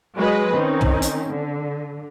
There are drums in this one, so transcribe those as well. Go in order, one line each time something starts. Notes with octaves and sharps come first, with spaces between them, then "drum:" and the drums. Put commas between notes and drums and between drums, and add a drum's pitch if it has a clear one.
F#3 G#3 F#4 G#4 B4 D#5
D#3 C4 C#4 D#4
drum: tom
drum: hi-hat
D3